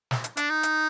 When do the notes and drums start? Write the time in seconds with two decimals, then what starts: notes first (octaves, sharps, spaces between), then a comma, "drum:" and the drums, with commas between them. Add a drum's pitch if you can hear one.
0.11 drum: snare
0.24 drum: hi-hat
0.37 D4, drum: hi-hat
0.50 D#4
0.63 drum: hi-hat